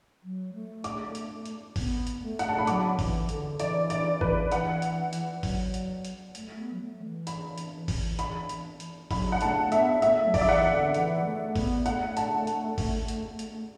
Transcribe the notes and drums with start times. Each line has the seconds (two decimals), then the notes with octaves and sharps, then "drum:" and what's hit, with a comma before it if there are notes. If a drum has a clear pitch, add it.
0.23 F#3
0.53 A3
0.84 D6, drum: hi-hat
1.15 drum: hi-hat
1.45 drum: hi-hat
1.76 B3, drum: kick G1, open hi-hat
2.07 drum: hi-hat
2.22 A3
2.39 F#5, drum: hi-hat
2.49 A5
2.58 B5
2.67 F#3 D6, drum: hi-hat
2.99 E3, drum: kick G1, open hi-hat
3.29 D3, drum: hi-hat
3.60 E3 D5, drum: hi-hat
3.90 D5, drum: hi-hat
4.21 B4, drum: kick G1
4.52 E3 F#5, drum: hi-hat
4.82 drum: hi-hat
5.13 drum: hi-hat
5.43 F#3, drum: kick G1, open hi-hat
5.74 drum: hi-hat
6.05 drum: hi-hat
6.35 A3, drum: hi-hat
6.58 B3
6.73 F#3
6.81 A3
7.04 E3
7.27 B5, drum: hi-hat
7.58 drum: hi-hat
7.88 drum: kick G1, open hi-hat
8.19 B5, drum: hi-hat
8.49 drum: hi-hat
8.80 drum: hi-hat
9.11 F#3 B5, drum: kick G1, open hi-hat
9.32 F#5
9.41 A3 A5, drum: hi-hat
9.72 B3 E5, drum: hi-hat
10.02 A3 E5, drum: hi-hat
10.26 F#3
10.34 D5, drum: kick G1, open hi-hat
10.39 F#3 E5
10.49 E3 F#5
10.72 D3
10.94 E3, drum: hi-hat
11.25 A3
11.56 B3, drum: kick G1, open hi-hat
11.86 A3 F#5, drum: hi-hat
12.17 A5, drum: hi-hat
12.47 drum: hi-hat
12.78 drum: kick G1, open hi-hat
13.08 drum: hi-hat
13.39 drum: hi-hat